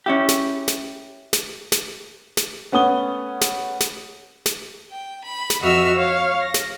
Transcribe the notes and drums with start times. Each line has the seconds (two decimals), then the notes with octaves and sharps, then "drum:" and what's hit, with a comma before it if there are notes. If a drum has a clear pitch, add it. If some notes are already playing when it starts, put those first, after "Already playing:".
0.06 C#4 E4 G4
0.29 drum: snare
0.68 drum: snare
1.33 drum: snare
1.72 drum: snare
2.37 drum: snare
2.72 A3 B3 C#4 D#6 G7
3.41 drum: snare
3.80 drum: snare
4.46 drum: snare
4.89 G5
5.24 B5
5.50 drum: snare
5.62 F2 F#4 D#5 E5 E6 F6
5.96 C#5 F5
6.41 A#6
6.54 drum: snare